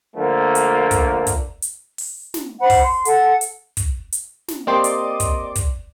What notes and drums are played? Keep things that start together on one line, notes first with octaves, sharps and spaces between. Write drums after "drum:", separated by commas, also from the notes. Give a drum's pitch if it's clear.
D3 F3 A3 A#3
drum: hi-hat
drum: kick, hi-hat
drum: kick, hi-hat
drum: hi-hat
drum: open hi-hat
drum: snare
C5 F#5 B5
drum: kick, open hi-hat
C6
A4 F#5, drum: hi-hat
drum: hi-hat
drum: kick, hi-hat
drum: hi-hat
drum: snare
A#3 C4 G4 D5 D#5 C6 D6
drum: hi-hat
drum: kick, hi-hat
drum: kick, hi-hat